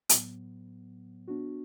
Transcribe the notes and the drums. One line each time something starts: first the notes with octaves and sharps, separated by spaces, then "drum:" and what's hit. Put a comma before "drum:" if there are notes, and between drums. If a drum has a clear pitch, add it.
A2 F#3 B3, drum: hi-hat
B3 D4 F#4